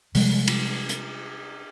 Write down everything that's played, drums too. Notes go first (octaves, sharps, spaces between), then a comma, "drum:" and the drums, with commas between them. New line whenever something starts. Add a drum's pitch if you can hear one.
C3 F3 G3 G#3, drum: open hi-hat
drum: cymbal
drum: hi-hat